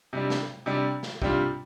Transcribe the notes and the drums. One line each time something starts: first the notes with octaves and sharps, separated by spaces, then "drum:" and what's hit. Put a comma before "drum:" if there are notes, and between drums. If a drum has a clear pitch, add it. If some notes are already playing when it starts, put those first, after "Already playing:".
C3 G3 D4
drum: snare
C3 G3 D4
drum: snare
C3 G3 D4 F4, drum: kick